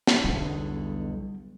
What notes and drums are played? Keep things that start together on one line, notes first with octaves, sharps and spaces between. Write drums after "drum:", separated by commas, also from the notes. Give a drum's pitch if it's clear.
drum: snare
B1 E2 B2 D3 G3